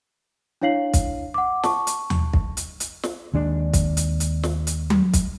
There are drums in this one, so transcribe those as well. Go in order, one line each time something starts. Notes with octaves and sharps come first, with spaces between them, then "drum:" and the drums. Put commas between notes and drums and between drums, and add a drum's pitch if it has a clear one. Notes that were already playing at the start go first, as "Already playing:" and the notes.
D4 E4 C#5 F5 C7 F#7
drum: kick, hi-hat
F#5 D6
A5 C#6, drum: snare
drum: hi-hat
drum: tom D#2
drum: kick
drum: hi-hat
drum: hi-hat
drum: snare
D#2 G#3 D4
drum: kick, hi-hat
drum: hi-hat
drum: hi-hat
drum: snare
drum: hi-hat
drum: tom F#3
drum: kick, hi-hat